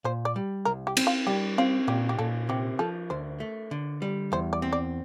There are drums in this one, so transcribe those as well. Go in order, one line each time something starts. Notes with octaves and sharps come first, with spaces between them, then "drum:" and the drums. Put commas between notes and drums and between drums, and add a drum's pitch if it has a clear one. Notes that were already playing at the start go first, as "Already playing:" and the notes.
A#2 C5
D5
G3
C2 A#4
G4
C4, drum: cymbal
F4
G3 G4
C4 F4
A#2 G4
G4
A#2 A4
C3 G4
F3 A4
D2 C5
A3
D3
G3
E2 C5
D5
C4
D5